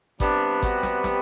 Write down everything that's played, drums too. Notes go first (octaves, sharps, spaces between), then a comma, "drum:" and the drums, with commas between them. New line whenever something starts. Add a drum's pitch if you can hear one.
C3 G3 B3 D4, drum: kick, hi-hat
F#4, drum: kick, hi-hat
drum: snare
drum: snare